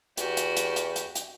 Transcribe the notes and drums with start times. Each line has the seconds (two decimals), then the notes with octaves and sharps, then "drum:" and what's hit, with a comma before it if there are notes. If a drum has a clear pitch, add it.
0.17 E2 F#4 G4, drum: hi-hat
0.37 drum: hi-hat
0.57 drum: hi-hat
0.76 drum: hi-hat
0.96 drum: hi-hat
1.15 drum: hi-hat